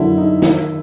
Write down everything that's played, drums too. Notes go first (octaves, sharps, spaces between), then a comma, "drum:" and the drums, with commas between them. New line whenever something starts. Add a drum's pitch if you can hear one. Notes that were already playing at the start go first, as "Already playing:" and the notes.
Already playing: D3 F#3 A#3 E4
D#4
D#3, drum: snare